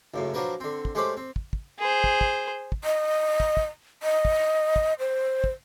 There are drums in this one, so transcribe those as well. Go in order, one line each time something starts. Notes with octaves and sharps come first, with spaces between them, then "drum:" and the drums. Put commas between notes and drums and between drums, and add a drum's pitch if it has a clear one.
C#2 F#2 A2
F3 F#3 D4 A#4 B4
D3 C4
drum: kick
G#3 A3 C#4 G4 C5 D5
C4
drum: kick
drum: kick
G#4 C5
drum: kick
drum: kick
drum: kick
D#5
drum: kick
drum: kick
D#5
drum: kick
drum: kick
C5
drum: kick